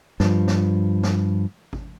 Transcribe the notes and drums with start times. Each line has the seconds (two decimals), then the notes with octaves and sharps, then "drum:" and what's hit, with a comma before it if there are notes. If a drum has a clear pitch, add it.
0.20 G2 F3, drum: snare
0.48 drum: snare
1.03 drum: snare
1.73 drum: kick G#1